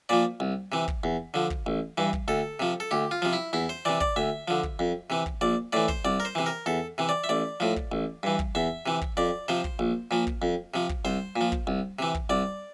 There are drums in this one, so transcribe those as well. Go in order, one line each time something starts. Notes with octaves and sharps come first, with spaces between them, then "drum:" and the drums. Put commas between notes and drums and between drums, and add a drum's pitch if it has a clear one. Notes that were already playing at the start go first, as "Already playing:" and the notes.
A#2 F3 D5
C2
C3 E3
drum: kick
E2
D3 F3
drum: kick
A1
G2 E3
drum: kick
D2 A4
C3 F3
A4
D2 G4
F4
C3 F3
E4
E2 E4
C5
C3 E3 D5
D5, drum: kick
D2 E5
D3 F3
drum: kick
F2
C3 E3
drum: kick
A#1 D5
A2 E3 D5
C5, drum: kick
C2 D5
A#4
C5
C3 E3
A#4
E2 A4
C3 E3
D5
E5
A1 D5
A2 F3
drum: kick
A1
G2 E3
drum: kick
E2 E5
C3 E3
drum: kick
F2 D5
C3 F3 C5
drum: kick
A#1
A#2 F3
drum: kick
F2
C3 F3
drum: kick
C2 C5
A#2
F3
drum: kick
C2
C3 E3
drum: kick
C2 D5